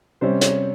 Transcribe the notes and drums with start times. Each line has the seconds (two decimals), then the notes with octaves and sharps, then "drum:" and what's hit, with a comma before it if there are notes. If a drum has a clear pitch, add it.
0.21 C3 G3 C#4 C5
0.41 C#5, drum: hi-hat